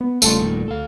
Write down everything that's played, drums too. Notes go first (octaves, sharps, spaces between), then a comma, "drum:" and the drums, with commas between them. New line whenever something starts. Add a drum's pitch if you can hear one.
B3
F1 E2 C#3 G3 A3 F4 A5 C6, drum: tambourine
A#2 D#3 G#3
D2 A4 F5